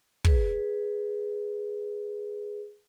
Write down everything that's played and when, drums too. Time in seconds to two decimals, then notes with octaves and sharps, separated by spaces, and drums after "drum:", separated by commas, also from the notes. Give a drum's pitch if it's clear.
0.24 G#4 B4, drum: kick